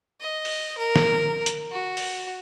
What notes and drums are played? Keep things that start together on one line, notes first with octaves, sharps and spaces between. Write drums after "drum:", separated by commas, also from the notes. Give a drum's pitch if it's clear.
D#5
drum: open hi-hat
A#4
drum: snare
drum: hi-hat
F#4
drum: open hi-hat